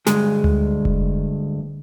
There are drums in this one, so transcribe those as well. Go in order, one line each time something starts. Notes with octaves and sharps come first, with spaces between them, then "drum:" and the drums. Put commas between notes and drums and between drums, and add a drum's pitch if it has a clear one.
D2 G2 G#3 G#4, drum: snare
drum: tom D2
drum: kick F1